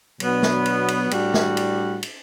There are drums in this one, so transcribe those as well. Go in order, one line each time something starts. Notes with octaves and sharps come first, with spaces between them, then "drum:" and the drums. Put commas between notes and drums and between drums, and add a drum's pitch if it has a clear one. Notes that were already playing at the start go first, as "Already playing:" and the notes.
B2 F#3 B3 D4, drum: cymbal
drum: snare
drum: cymbal
drum: cymbal
A2 G3 D4 F#4, drum: cymbal
drum: snare
drum: cymbal
drum: cymbal